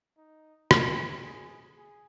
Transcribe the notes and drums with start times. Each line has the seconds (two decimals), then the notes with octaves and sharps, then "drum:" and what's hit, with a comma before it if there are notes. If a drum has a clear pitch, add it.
0.17 D#4
0.71 G4, drum: rim click
1.23 G#4
1.77 G#4